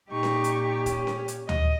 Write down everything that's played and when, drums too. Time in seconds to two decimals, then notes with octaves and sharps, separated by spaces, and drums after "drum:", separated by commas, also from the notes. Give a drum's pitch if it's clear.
0.11 A#2 D#4 G4 C#6
0.23 drum: snare C#4
0.44 drum: hi-hat
0.86 C#4, drum: kick, hi-hat
1.07 drum: snare C#4
1.28 drum: hi-hat
1.49 D#5, drum: tom D2